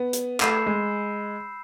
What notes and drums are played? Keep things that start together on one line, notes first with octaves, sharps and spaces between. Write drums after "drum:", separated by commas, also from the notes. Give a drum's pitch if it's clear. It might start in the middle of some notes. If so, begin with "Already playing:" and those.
Already playing: B3
drum: hi-hat
A3 B5 E6 G6 C7 E7, drum: clap
G#3